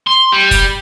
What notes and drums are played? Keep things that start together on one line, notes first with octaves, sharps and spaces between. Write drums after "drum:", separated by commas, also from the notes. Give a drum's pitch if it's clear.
C6
G3
drum: kick, hi-hat